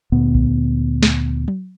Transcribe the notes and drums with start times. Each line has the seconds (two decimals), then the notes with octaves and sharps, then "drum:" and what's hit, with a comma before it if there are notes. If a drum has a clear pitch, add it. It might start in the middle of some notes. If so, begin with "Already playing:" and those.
0.12 D2 A#2 B3
0.35 drum: kick B1
1.03 drum: snare
1.48 drum: tom F#3